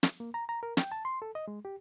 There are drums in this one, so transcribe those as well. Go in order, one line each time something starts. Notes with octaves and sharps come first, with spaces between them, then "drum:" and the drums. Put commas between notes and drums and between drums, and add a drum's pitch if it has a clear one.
drum: snare
A#3
A#5
A#5
A#4
G5, drum: snare
A5
C6
A4
D#5
G#3
G4